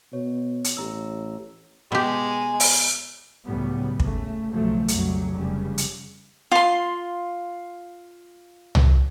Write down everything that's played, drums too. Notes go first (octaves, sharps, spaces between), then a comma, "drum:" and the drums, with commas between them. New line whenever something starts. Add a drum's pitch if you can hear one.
B2 C#5
drum: hi-hat
A1 G4 A#5 E6
B2 G#3 G4 G#5
drum: open hi-hat
C#2 A2 C#3 F#3 G3 B3
C#3 A3, drum: kick
B1 C#3 F3 F#3 A3
B1 F2 C#3 F#3 G3, drum: hi-hat
F1 C#3 G3
drum: hi-hat
F4 C6
drum: tom